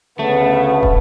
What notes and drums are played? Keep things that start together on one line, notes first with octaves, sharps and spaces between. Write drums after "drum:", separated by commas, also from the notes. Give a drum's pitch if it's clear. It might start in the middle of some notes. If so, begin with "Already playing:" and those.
D2 C#3 A3 B3
drum: kick